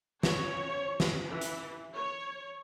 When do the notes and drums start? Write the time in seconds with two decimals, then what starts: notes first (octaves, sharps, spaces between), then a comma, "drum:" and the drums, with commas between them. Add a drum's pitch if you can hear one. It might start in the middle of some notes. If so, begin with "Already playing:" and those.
0.23 C#5, drum: snare
1.00 drum: snare
1.29 E3
1.41 drum: hi-hat
1.95 C#5